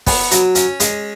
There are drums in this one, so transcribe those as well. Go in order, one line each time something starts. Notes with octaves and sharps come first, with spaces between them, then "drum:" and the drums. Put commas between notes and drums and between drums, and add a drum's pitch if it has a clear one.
B3, drum: kick, open hi-hat
F#3, drum: hi-hat
C#4, drum: hi-hat
G#3, drum: hi-hat